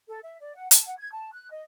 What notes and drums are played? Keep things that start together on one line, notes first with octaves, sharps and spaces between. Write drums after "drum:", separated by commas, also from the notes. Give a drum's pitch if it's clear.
A4
E5
D5
F#5
A5, drum: hi-hat
F#5
G#6
A5
F#6
D#5